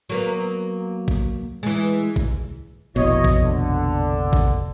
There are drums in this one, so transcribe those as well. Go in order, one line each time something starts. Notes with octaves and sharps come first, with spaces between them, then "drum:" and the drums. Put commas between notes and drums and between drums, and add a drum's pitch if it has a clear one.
F#3 A#3 B3
drum: kick A1
E3 G#3
drum: kick A1
F1 A#1 B2 E4 C#5 D#5
drum: kick A1
D3
drum: kick A1